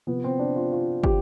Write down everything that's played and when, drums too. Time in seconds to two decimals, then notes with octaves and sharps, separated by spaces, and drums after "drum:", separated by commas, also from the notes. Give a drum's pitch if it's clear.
0.07 C3 F3 B3
0.24 C4
0.39 D4
0.56 F4
0.72 F4
1.04 G4, drum: kick